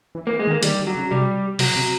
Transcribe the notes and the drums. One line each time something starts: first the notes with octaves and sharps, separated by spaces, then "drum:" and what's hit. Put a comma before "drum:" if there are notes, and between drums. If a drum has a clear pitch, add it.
E3
A#3
E3
G#3
D#3
A#3
D#3 G3, drum: hi-hat
D3
F#3
C#3
C3 G3
C3 F#3, drum: open hi-hat
C3